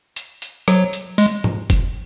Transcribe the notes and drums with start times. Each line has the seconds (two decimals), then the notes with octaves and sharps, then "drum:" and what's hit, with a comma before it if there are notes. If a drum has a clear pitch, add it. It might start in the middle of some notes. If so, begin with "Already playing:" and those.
0.16 drum: hi-hat
0.42 drum: hi-hat
0.68 F#3, drum: rim click
0.93 drum: hi-hat
1.18 G#3, drum: open hi-hat
1.44 drum: tom G#2
1.70 drum: kick F#1, hi-hat